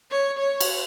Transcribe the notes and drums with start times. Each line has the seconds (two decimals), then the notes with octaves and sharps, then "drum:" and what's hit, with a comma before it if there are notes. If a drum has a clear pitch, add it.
0.11 C#5
0.39 C#5
0.61 drum: cymbal